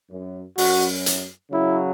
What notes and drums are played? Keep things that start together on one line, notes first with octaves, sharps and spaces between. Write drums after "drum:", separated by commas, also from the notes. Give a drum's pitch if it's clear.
F#2
F#2 F#4, drum: open hi-hat
drum: hi-hat
C#3 F#3 E4